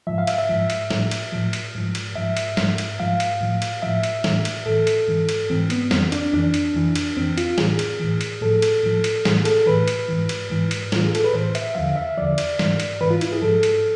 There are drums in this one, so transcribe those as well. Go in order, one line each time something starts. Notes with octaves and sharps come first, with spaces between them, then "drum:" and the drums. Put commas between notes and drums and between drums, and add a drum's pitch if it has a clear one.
G#2 F3 E5
F5
E5, drum: cymbal
E5
G#2 F3
drum: cymbal
A2 F3, drum: snare
drum: cymbal
A2 F3
drum: cymbal
G#2 F3
drum: cymbal
G#2 F3 E5
drum: cymbal
G#2 F3, drum: snare
drum: cymbal
G#2 F3 F5
drum: cymbal
A2 F3
drum: cymbal
A2 F3 E5
drum: cymbal
A2 E3, drum: snare
drum: cymbal
A2 E3 A4
drum: cymbal
G#2 E3
drum: cymbal
G#2 E3 C4
B3, drum: cymbal
F2 E3 C4, drum: snare
D4, drum: cymbal
F2 E3 D4
drum: cymbal
F2 E3
drum: cymbal
F2 E3 C4
F4, drum: cymbal
A2 E3 G#4, drum: snare
drum: cymbal
A2 E3
drum: cymbal
A2 F3 A4
drum: cymbal
A2 F3
drum: cymbal
A2 E3 G#4, drum: snare
A4, drum: cymbal
A2 E3 B4
drum: cymbal
G#2 E3
drum: cymbal
G#2 E3
drum: cymbal
A2 E3 F4, drum: snare
G#4
A4, drum: cymbal
B4
A2 E3 C5
E5, drum: cymbal
E2 D3 F3 F5
E5
E2 D3 F3 D5
drum: cymbal
G#2 E3, drum: snare
drum: cymbal
G#2 E3 B4
F4
E4, drum: cymbal
G#4
G#2 F3 A4
drum: cymbal